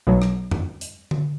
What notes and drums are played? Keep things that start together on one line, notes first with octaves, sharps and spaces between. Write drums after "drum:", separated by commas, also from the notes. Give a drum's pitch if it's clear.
B1 B2 F#3
drum: rim click
drum: tom F2
drum: hi-hat
drum: tom D3